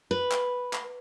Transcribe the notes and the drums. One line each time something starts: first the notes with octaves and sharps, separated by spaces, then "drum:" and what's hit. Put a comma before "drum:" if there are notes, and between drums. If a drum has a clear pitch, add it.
B4
drum: clap
drum: clap